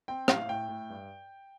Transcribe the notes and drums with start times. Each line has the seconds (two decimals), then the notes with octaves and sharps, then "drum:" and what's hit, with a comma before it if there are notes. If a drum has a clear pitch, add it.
0.08 C4 G5
0.28 A2 F5, drum: rim click
0.49 A2 G5
0.69 A2
0.90 G2